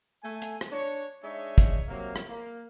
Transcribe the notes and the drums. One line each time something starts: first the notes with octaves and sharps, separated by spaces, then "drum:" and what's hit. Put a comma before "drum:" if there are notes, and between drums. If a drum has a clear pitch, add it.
A3 G#5
drum: hi-hat
drum: rim click
D4 C#5
G#3 D4 D#4 C#5 E5
drum: kick, hi-hat
C3 F#3 A#3
drum: rim click
A#3